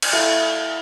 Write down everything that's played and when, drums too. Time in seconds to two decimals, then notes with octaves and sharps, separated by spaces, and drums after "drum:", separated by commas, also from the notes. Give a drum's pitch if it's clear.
0.02 drum: cymbal
0.13 A3 E4 F5